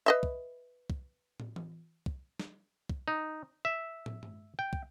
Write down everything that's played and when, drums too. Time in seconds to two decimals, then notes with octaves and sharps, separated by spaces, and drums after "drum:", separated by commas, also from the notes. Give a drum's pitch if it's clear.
0.06 B4 D#5 E5
0.23 drum: kick
0.90 drum: kick
1.40 drum: tom
1.56 drum: tom E3
2.06 drum: kick
2.40 drum: snare
2.90 drum: kick
3.08 D#4
3.65 E5
4.06 drum: tom
4.23 drum: tom G2
4.59 G5
4.73 drum: kick